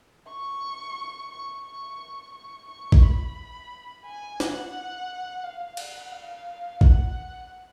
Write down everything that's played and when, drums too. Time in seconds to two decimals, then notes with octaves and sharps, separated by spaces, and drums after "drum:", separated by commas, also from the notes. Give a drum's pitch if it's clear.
0.28 C#6
1.31 C#6
1.65 C#6
2.34 C#6
2.68 C#6
2.92 drum: kick A1
3.03 B5
4.06 G#5
4.40 F#5, drum: snare
5.44 F5
5.77 F#5, drum: cymbal
6.12 F5
6.81 F#5, drum: kick A1